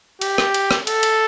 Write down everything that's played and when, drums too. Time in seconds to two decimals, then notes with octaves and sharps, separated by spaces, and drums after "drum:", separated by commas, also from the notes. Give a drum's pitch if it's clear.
0.21 G4, drum: cymbal
0.38 drum: rim click
0.54 drum: cymbal
0.71 drum: rim click
0.87 A4, drum: cymbal
1.03 drum: cymbal